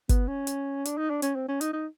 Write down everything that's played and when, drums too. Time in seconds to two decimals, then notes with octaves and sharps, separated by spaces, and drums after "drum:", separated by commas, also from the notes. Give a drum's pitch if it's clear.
0.09 B3, drum: kick G1, hi-hat
0.28 C#4
0.47 drum: hi-hat
0.85 D4, drum: hi-hat
0.98 D#4
1.10 D4
1.22 C#4, drum: hi-hat
1.35 C4
1.48 C#4
1.61 D#4, drum: hi-hat
1.73 D#4